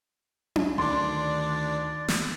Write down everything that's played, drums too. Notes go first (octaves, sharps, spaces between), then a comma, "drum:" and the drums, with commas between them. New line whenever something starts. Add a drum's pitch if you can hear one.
drum: tom C#4
D2 D#3 D4 D5 C6
drum: snare